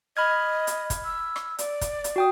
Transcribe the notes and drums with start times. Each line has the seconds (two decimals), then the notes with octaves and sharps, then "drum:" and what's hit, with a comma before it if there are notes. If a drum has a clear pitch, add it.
0.17 D#5 B5 F6 G#6
0.67 drum: hi-hat
0.90 drum: kick, hi-hat
1.04 E6
1.36 drum: rim click
1.59 D5, drum: hi-hat
1.81 drum: kick, hi-hat
2.04 drum: hi-hat
2.16 F#4 G5 D#6